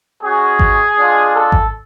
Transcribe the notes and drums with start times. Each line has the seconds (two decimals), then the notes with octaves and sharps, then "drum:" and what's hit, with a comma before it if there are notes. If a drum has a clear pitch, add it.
0.23 G#3 C#4 F#4 G#4
0.59 drum: kick G#1
0.97 G#3 D4 F4
1.34 A4
1.52 drum: kick G#1